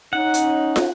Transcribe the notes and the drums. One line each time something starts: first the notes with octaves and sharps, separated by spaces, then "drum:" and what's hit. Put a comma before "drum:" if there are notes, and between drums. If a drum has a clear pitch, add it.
C#4 D#4 F#5
drum: hi-hat
drum: snare